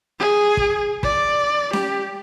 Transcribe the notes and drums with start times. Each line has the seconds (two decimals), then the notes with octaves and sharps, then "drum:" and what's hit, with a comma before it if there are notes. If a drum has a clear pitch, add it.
0.19 G#4
0.57 drum: kick
1.03 D5, drum: kick
1.73 G4, drum: snare C#4